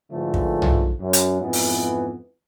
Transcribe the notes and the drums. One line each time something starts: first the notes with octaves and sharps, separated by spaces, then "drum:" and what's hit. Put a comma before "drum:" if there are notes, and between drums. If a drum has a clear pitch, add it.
G#2 D3 E3 F3 A3
drum: kick
drum: tom B1
F#2
drum: hi-hat
F2 G#2 E3 B3
drum: open hi-hat